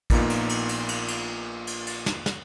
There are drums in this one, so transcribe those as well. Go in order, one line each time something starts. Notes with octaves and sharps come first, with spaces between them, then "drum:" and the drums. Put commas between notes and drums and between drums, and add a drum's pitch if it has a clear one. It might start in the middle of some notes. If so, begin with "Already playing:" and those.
A#1 A#2 A#3 B3 D#4 F4, drum: kick A1, cymbal
drum: cymbal
drum: cymbal
drum: cymbal
drum: cymbal
drum: cymbal
drum: cymbal
drum: cymbal
drum: snare
drum: snare